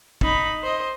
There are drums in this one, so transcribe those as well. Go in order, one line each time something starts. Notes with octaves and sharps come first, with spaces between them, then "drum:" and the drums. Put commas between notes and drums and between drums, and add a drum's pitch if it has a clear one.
D#4 B5, drum: kick
C5 D#5